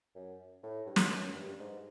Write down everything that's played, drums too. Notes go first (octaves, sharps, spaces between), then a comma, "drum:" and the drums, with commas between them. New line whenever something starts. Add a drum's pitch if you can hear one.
F#2
A2
G2
drum: snare
F#2
G2
G#2